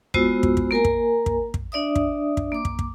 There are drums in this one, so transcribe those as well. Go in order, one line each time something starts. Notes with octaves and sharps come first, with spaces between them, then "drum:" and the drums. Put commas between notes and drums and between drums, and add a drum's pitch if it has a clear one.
G#3 B3 F4 F#4 C5 E6, drum: kick
drum: kick
drum: kick
A#3 A#4 G#5 A#5
drum: kick
drum: kick
drum: kick
D4 D5 E5 D#6
drum: kick
drum: kick
A#3 D6
drum: kick
drum: kick